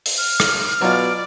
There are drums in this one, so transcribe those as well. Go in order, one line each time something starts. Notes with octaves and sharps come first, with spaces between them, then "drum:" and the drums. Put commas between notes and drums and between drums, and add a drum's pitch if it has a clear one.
drum: open hi-hat
F6
drum: rim click
B2 F#3 F4 D5